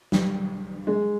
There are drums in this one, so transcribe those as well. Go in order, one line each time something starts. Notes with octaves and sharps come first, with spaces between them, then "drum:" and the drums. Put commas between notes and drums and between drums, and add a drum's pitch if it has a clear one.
G3, drum: snare
G#3